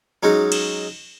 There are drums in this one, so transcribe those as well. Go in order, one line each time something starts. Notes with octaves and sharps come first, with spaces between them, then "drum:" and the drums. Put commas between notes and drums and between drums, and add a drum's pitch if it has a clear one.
F#3 G#3 C#4 D#4 F#4
drum: cymbal